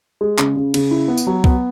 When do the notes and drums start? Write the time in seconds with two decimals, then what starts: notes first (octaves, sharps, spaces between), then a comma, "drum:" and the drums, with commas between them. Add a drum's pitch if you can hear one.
0.21 G#3
0.38 C#3, drum: clap
0.57 C#3
0.74 C#3, drum: cymbal
0.91 E4
1.08 B3
1.18 drum: tambourine
1.27 F#3
1.44 B3, drum: kick C2